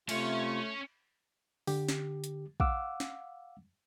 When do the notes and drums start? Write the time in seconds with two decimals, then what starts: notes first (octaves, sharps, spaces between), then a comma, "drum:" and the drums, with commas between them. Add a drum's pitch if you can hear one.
0.09 C3 A3 C#4 F4 C#5, drum: cymbal
1.67 D3 G4, drum: open hi-hat
1.89 drum: snare
2.24 drum: hi-hat
2.60 F5 F#5 D6 E6, drum: kick
3.00 drum: snare